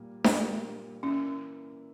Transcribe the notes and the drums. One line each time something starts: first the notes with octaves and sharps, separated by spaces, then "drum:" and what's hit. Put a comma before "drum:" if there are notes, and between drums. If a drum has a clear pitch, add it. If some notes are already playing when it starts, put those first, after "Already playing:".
Already playing: A#2 G3 A#3
A#2 G3 A#3, drum: snare D4
E3 A#3 C#4 E4